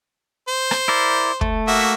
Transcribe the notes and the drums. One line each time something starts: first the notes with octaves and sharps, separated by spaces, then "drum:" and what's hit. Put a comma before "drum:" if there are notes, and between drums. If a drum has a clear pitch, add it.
C5
drum: rim click
E4 A#4 D5
A3, drum: kick
A#3 F#4 E5